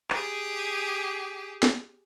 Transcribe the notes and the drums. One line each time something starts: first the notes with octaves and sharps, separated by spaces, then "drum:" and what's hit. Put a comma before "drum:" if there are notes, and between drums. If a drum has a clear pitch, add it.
G4 G#4, drum: clap
drum: snare